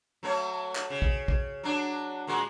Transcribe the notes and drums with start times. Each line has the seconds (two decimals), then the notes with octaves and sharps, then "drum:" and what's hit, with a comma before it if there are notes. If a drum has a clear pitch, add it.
0.23 F#3 A3 C#5
0.76 drum: clap
0.90 C#3
1.02 drum: kick
1.28 drum: kick
1.63 F#3 D4
2.27 A#2 G#3 F#4